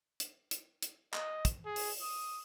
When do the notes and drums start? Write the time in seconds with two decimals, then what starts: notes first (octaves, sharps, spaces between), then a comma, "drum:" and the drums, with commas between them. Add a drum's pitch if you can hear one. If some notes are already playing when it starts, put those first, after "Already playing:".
0.20 drum: hi-hat
0.51 drum: hi-hat
0.82 drum: hi-hat
1.14 D#5, drum: clap
1.45 drum: kick, hi-hat
1.66 G#4
1.76 drum: open hi-hat
2.02 D#6